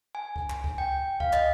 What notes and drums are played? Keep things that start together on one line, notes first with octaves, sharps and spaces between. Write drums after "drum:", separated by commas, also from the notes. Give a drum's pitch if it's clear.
G#5
drum: kick C#2
drum: clap
drum: kick C#2
G5
F5, drum: kick C#2
D#5, drum: clap